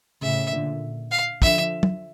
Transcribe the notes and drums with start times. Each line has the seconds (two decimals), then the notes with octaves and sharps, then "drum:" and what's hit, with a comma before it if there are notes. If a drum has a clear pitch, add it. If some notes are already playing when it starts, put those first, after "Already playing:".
0.21 A2 C#3 E5
0.52 A#2 D3
1.11 F5
1.42 D3 F3 E5, drum: kick
1.83 drum: tom